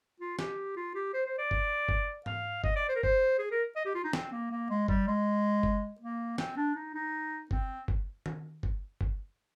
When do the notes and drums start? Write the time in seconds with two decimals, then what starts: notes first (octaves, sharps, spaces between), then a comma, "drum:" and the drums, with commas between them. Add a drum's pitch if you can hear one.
0.20 F4
0.39 G4, drum: snare
0.76 F4
0.95 G4
1.14 C5
1.26 C5
1.38 D5
1.51 drum: kick G1
1.89 drum: kick G1
2.26 F5, drum: tom G#2
2.64 D#5, drum: kick G1
2.76 D5
2.89 C5
2.96 A#4
3.03 C5, drum: kick G1
3.38 G#4
3.51 A#4
3.76 D#5
3.85 G4
3.95 F4
4.04 D#4
4.13 C4, drum: snare
4.32 A#3
4.51 A#3
4.70 G#3
4.88 G3, drum: kick G1
5.07 G#3
5.63 drum: kick G1
6.01 A#3
6.38 C4, drum: snare
6.57 D4
6.76 D#4
6.95 D#4
7.51 C4, drum: kick G1
7.88 drum: kick G1
8.26 drum: tom D#3
8.63 drum: kick G1
9.01 drum: kick G1